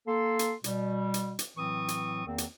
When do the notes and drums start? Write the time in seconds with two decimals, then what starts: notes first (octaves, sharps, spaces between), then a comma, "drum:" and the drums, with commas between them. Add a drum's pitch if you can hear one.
0.07 A#3 A4 C6
0.39 drum: hi-hat
0.64 B2 G3, drum: hi-hat
1.14 drum: hi-hat
1.39 drum: hi-hat
1.57 A2 E3 F#3 C4 C#6 D#6
1.88 drum: hi-hat
2.26 E2 D#3 A#3 C4
2.38 drum: hi-hat